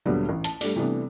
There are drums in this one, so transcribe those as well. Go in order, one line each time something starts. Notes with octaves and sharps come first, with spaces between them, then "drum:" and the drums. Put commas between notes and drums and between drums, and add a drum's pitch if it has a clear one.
D2 A#2 D3 F#3 G3 B3
A1
A5, drum: hi-hat
G3 A3 D4, drum: open hi-hat
C3 E3 G3 A3 B3 D4